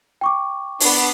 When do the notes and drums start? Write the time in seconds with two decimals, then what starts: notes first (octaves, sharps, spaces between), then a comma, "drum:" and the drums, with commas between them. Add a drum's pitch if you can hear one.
0.21 G5 C#6 D6
0.80 B3 D4, drum: open hi-hat